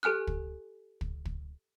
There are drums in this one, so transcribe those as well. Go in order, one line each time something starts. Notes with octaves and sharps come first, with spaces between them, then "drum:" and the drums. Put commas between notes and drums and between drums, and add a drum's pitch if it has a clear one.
G4 A4 G#5 F6 F#6
drum: kick
drum: kick
drum: kick